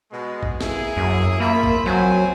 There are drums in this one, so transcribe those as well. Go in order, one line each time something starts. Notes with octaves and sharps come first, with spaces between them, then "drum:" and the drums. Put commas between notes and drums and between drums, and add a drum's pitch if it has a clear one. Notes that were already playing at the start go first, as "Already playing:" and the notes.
B2 G#3
drum: kick A1
A#3 E4 G#4, drum: snare
F#2
A#3 F4 E5 B5
drum: kick A1
F#3 C4 C5 G#5